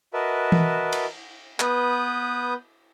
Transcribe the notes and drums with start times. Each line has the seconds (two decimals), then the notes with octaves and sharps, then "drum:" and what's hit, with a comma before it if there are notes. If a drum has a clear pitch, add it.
0.14 F#4 A#4 B4 D#5 E5 A5
0.52 drum: tom E3
0.92 drum: cymbal
1.60 B3 B4 D#6 G6, drum: clap